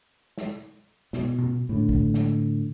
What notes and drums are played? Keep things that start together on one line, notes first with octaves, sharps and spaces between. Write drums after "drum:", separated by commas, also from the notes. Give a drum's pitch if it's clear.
drum: snare
B2, drum: snare
drum: tom B2
A2 D3
drum: kick
drum: snare